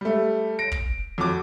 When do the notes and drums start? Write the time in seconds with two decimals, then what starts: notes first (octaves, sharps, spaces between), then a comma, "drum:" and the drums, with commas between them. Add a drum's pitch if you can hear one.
0.01 G3 A3
0.59 A#6 D7
0.72 drum: kick
1.18 F2 F#4 D6